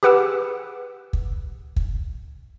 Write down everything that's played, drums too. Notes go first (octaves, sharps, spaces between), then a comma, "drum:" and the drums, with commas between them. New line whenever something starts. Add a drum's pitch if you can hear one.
G4 G#4 B4 F#5 D6 E6
drum: kick
drum: kick